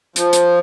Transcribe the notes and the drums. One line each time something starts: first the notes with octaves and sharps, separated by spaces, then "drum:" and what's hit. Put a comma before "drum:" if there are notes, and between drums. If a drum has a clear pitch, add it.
F3, drum: hi-hat
drum: hi-hat